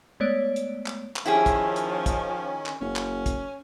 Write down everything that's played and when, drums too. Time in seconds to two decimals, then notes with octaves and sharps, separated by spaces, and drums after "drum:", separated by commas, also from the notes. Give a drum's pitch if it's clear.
0.20 G#3 A3 B3 C#5 D5 D7
0.56 drum: hi-hat
0.86 drum: clap
1.16 drum: clap
1.25 D#3 F3 C#4 E4 G4 G#4
1.46 drum: kick, hi-hat
1.76 drum: hi-hat
2.06 drum: kick, hi-hat
2.66 drum: clap
2.81 F#1 C#4
2.96 drum: clap
3.26 drum: kick, hi-hat